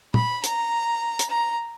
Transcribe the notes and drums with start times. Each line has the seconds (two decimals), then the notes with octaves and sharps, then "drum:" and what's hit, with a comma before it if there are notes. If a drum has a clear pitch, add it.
0.14 B5, drum: tom
0.44 A#5, drum: hi-hat
1.19 drum: hi-hat
1.29 A#5